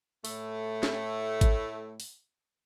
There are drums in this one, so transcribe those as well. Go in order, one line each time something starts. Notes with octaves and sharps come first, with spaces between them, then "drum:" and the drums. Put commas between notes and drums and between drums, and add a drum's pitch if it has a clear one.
A2 A3, drum: open hi-hat
drum: snare
drum: kick, hi-hat
drum: open hi-hat